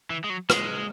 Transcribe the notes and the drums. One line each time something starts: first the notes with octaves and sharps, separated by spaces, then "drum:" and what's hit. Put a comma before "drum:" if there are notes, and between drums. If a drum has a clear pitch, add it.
E3
G#3
F#3
G#3, drum: rim click